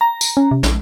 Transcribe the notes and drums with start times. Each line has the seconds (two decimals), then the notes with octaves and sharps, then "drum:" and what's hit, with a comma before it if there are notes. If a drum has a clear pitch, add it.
0.01 A#5
0.21 drum: tambourine
0.37 C#4
0.51 C3
0.63 A#1, drum: snare